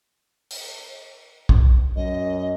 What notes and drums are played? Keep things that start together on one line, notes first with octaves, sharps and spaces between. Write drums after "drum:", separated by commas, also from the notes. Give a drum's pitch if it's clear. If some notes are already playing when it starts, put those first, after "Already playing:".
drum: open hi-hat
drum: kick B1
F#2 D#5